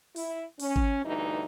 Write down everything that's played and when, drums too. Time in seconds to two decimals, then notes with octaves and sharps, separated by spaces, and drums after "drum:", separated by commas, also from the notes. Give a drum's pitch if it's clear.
0.16 E4, drum: open hi-hat
0.60 C#4, drum: open hi-hat
0.76 drum: kick G#1
1.04 D2 G2 E3 D#4